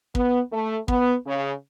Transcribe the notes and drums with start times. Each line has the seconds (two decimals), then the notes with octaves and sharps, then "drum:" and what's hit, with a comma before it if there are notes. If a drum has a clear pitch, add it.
0.15 B3, drum: kick
0.52 A3
0.88 B3, drum: kick
1.26 C#3